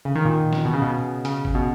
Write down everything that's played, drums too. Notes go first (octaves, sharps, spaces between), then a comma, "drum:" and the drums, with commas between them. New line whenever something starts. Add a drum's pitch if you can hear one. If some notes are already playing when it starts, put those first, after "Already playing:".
C#3
D#3
A#2
drum: snare
B2
C#3
B2
C#3, drum: hi-hat
drum: kick G#1
B2